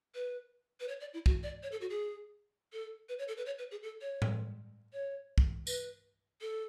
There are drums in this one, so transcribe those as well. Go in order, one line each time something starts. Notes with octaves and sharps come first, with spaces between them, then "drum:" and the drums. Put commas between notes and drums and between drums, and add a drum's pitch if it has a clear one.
B4
B4
C#5
D5
E4
F#4, drum: kick
D5
C#5
A4
F#4
G#4
A4
B4
C#5
A4
B4
C#5
B4
G#4
A4
C#5
drum: tom A2
C#5
drum: kick
B4, drum: tambourine
A4